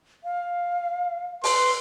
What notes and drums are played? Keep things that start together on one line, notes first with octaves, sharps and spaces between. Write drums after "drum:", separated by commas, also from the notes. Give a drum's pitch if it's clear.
F5
B4 C6, drum: open hi-hat